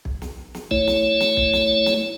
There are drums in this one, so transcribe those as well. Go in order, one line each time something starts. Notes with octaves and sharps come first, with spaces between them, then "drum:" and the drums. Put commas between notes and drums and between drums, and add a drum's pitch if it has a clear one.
drum: kick
drum: snare
drum: snare
A3 E4 C#5, drum: kick
drum: snare
drum: snare
drum: kick
drum: snare
drum: snare